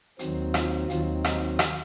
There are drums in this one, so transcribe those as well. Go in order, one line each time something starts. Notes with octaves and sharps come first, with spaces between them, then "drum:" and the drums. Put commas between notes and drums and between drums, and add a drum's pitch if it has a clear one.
D#2 D#3 F#3 C4, drum: hi-hat
F4, drum: rim click
D#2 D#3 F#3 C4 F4, drum: hi-hat
D#4, drum: rim click
drum: rim click